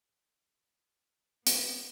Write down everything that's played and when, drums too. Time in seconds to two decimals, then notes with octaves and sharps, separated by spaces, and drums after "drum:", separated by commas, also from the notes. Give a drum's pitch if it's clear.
1.47 B3, drum: hi-hat